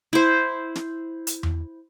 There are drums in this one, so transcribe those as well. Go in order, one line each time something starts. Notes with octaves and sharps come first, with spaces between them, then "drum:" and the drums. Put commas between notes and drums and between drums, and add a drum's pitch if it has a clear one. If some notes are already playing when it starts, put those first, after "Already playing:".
E4 C5
drum: snare
drum: hi-hat
drum: tom E2